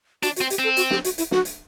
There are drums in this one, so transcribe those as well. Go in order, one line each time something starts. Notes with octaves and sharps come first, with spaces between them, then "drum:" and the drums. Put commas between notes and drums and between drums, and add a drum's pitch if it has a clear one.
D4 F#4, drum: hi-hat
F#4, drum: hi-hat
C4
G4, drum: hi-hat
C4 A4
F#4, drum: hi-hat
G4, drum: snare
F#4, drum: hi-hat
E4, drum: hi-hat
F#4, drum: snare
drum: hi-hat